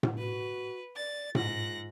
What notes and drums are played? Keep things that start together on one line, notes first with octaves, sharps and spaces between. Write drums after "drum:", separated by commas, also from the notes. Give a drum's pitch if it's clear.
drum: tom A2
F#4 B4
D5 A6
G#2 F4 F#6 A#6, drum: tom A2